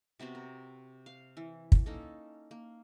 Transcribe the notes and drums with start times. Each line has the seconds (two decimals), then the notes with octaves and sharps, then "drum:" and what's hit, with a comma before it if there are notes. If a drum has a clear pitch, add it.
0.20 C3 B3 C4 F#4
0.35 A#4
1.06 F5
1.37 E3
1.72 drum: kick
1.86 A#3 C#4 D#4 A4
2.51 A#3